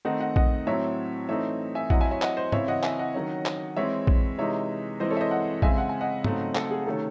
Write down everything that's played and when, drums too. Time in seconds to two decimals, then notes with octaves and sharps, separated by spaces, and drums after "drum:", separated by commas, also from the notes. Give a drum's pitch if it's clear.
0.05 D#3 A3 C4 D#4 D#5 F#5
0.20 D#5 F#5
0.36 D#5 F#5, drum: kick A#1
0.67 A2 F#3 C4 C#5 E5
1.29 E3 A3 C4 D#4 C#5 E5
1.75 E5 G#5
1.90 F#3 C4 E4 D#5 F#5, drum: kick A#1
2.01 E5 G#5
2.11 C#5 E5
2.22 D#5 F#5, drum: clap
2.37 C5 D#5
2.52 C#3 E3 C4 E4 C#5 E5, drum: tom G#2
2.68 D#5 F#5
2.83 E5 G#5, drum: clap
2.99 D#5 F#5
3.14 D#3 F#3 C#4
3.45 drum: clap
3.76 E3 G#3 C4 E4 C#5 E5
4.07 drum: kick A#1
4.38 C3 E3 G#3 D#4 C#5 E5
5.00 E3 G#3 C4 E4 C5 D#5
5.10 A4 C#5
5.17 E5
5.21 C5 D#5
5.31 D#5 F#5
5.62 C#3 G#3 C4 E5 G#5, drum: kick A#1
5.78 F#5
5.89 G#5
6.01 D#5 F#5
6.24 C#3 F#3 A3 C4 D#4, drum: tom G#2
6.55 A4, drum: clap
6.71 G#4
6.86 C3 D#3 A3 C#4 A4